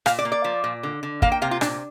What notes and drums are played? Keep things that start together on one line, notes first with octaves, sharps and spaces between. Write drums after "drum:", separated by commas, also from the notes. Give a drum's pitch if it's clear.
A#2 F5, drum: rim click
D5
A#3
D5
F3
A#2
D3
D3
A#3 F5, drum: kick
G5
C3 F5
F4
A#2 D4, drum: rim click